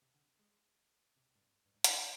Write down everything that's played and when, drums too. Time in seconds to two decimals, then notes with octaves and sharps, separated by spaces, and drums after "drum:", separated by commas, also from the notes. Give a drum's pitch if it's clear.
0.02 C3
0.14 D3
0.39 G#3
1.16 C3
1.36 G2
1.65 G2
1.74 G#2
1.84 A#2, drum: hi-hat
1.95 C3